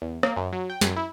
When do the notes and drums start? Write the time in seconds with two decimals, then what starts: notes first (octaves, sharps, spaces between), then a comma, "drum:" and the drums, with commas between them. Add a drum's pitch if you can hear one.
0.02 E2
0.23 A#3, drum: rim click
0.36 F#2
0.53 F#3
0.70 G5
0.81 F#2, drum: snare
0.97 E4